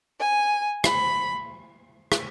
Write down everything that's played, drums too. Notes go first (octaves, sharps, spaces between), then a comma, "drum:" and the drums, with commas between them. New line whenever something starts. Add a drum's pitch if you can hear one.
G#5
B5, drum: rim click
drum: rim click